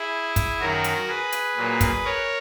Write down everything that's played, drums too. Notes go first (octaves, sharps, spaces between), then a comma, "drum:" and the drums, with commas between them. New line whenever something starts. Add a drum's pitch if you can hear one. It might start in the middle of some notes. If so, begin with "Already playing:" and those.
Already playing: E4 G#4
drum: kick, hi-hat
F#2 D#3 F#3 F#4 A#4
drum: hi-hat
G#4 B4
drum: hi-hat
A#2 F#3 A#3
drum: kick, hi-hat
A#4 C#5